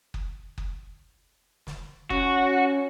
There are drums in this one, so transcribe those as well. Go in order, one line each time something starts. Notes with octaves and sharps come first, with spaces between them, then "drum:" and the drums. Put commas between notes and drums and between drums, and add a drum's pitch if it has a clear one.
drum: kick F#1
drum: kick F#1
drum: snare
C#4 F#4, drum: kick F#1